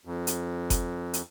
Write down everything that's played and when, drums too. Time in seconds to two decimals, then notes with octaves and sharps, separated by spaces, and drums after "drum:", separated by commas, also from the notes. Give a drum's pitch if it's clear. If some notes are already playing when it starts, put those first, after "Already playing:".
0.05 F2
0.27 drum: hi-hat
0.70 drum: kick F#1, hi-hat
1.13 drum: hi-hat